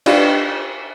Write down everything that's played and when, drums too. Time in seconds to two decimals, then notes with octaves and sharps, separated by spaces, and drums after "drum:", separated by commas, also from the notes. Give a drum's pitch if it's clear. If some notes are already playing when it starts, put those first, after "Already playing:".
0.06 D4 D#4 F4 G4 B4, drum: cymbal